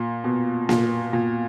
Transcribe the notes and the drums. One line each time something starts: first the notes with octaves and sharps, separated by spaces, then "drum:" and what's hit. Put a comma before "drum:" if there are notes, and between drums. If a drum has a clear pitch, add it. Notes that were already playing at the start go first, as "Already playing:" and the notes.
Already playing: A#2
B2
A#2, drum: snare A#3
A#2